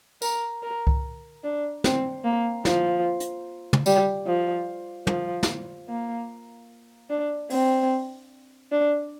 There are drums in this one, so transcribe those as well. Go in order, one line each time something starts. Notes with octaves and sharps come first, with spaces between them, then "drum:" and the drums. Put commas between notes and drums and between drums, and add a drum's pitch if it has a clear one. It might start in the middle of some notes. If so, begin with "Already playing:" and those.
A#4, drum: tambourine
A#4
drum: kick C2
D4
C4, drum: snare
A#3
F3, drum: snare
drum: hi-hat
drum: tom
G3, drum: tambourine
F3
F3, drum: tom
drum: snare
A#3
D4
C4, drum: open hi-hat
D4